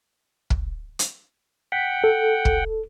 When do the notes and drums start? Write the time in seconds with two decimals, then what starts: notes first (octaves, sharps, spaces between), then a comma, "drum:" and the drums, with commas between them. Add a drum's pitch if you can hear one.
0.50 drum: kick
0.99 drum: hi-hat
1.72 F#5 G5 B6
2.04 A4
2.45 drum: kick